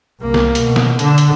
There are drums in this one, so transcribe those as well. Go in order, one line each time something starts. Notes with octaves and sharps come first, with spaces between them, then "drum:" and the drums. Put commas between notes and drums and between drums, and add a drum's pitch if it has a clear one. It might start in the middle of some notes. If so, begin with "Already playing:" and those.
C2 A#3
drum: snare
B2, drum: hi-hat
drum: snare
D3, drum: hi-hat
drum: hi-hat